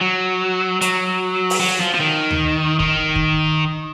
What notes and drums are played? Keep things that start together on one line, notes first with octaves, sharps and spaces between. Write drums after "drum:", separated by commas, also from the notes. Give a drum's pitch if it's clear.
F#3
F#3, drum: hi-hat
drum: open hi-hat
F#3
F3
F3
D#3
drum: tom D2
D#3, drum: kick
drum: kick